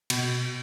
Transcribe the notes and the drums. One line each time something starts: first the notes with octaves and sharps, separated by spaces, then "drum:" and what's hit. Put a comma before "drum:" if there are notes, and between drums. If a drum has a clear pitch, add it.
B2, drum: cymbal